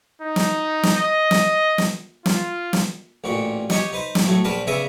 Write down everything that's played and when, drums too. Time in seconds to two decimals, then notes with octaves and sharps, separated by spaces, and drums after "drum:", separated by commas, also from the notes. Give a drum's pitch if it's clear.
0.22 D#4
0.36 drum: snare
0.83 drum: snare
0.96 D#5
1.31 drum: snare
1.78 drum: snare
2.26 F4, drum: snare
2.73 drum: snare
3.24 A1 A#2 F#4
3.70 G4 C#5 D#5 F#5, drum: snare
3.92 D#4 B4 C5
4.15 drum: snare
4.24 A2 F#3 A3
4.44 A#1 D4 A#4 B4 A5
4.67 C#3 B3 D4 E5 A#5 D#6